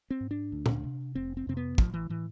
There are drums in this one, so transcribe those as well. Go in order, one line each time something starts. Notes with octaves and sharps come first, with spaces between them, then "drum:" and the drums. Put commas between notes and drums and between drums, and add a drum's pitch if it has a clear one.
C4
G#2
D4
D2
drum: tom
C3
F1 C4
C4
F2 C3 C4
B3
A1 F3, drum: kick
E3
A2 E3